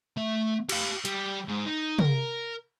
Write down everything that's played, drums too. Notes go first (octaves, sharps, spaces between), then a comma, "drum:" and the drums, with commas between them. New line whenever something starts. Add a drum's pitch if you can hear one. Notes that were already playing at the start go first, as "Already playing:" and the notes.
A3 E5
G4 F5, drum: cymbal
G3, drum: hi-hat
G#2
D#4
A#4, drum: tom